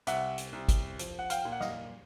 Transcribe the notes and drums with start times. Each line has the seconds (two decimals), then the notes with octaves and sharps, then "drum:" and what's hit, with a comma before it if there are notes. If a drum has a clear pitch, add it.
0.07 C2 E5 F#5, drum: hi-hat
0.38 drum: hi-hat
0.53 C2
0.68 drum: kick, hi-hat
0.99 F3, drum: hi-hat
1.19 F#5
1.30 F5 G5, drum: hi-hat
1.45 A#2
1.52 F#5
1.61 D#5 F5, drum: snare